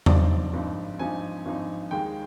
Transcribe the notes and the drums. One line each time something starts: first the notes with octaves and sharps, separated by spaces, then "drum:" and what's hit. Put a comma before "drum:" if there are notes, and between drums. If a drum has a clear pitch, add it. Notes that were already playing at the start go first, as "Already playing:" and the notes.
G#1 G2 F3 C4 D#4 D5, drum: tom E2
G#1 G2 F3 C4 D#4
G#1 G2 F3 C4 D#4 G#5
G#1 G2 F3 C4 D#4
D#2 D#3 G#3 G5